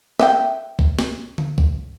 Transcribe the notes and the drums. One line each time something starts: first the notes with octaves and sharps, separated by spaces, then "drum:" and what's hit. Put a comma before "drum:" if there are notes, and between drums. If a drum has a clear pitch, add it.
E5 G5, drum: snare
drum: kick C2
drum: snare
drum: tom D3
drum: kick C2